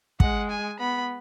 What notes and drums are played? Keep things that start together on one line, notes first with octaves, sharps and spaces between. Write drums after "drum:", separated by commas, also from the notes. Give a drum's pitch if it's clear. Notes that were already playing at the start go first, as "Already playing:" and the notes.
G#3 F#5, drum: kick
G#5
B3 B5